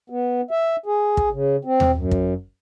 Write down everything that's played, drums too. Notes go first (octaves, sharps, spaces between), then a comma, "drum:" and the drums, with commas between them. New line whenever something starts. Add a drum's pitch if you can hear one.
B3
E5
G#4
drum: kick
C#3
C4
drum: tom D#2
F#2
drum: kick